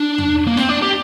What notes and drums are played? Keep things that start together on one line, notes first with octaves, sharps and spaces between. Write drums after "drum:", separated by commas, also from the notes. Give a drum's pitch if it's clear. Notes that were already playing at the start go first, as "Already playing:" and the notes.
Already playing: D4
drum: tom
A#3
C4, drum: snare
D4
G4